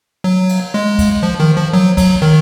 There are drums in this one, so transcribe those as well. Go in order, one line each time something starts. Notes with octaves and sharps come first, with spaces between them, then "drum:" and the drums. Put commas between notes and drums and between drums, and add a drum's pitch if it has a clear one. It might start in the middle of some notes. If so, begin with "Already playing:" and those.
F#3
drum: cymbal
G#3
drum: kick C#2, cymbal
F3
D#3
F3
F#3
F#3, drum: kick C#2, cymbal
D#3